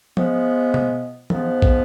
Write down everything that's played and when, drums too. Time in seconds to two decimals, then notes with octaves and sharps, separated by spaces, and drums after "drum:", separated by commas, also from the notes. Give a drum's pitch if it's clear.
0.17 F3 G#3 B3, drum: tom F3
0.74 drum: tom B2
1.30 G#2 F3 B3, drum: tom E3
1.62 drum: kick